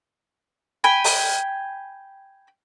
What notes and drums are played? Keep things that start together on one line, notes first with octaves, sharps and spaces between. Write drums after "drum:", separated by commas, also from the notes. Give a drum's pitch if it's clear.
G5 G#5 B5
drum: open hi-hat